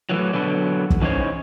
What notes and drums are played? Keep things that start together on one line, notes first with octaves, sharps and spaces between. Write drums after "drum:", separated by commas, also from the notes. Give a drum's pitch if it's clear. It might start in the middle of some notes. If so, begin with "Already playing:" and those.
A2 E3 F#3
B2 D3 F#3 B3
drum: kick
E3 C#4 D#4 C5 C#5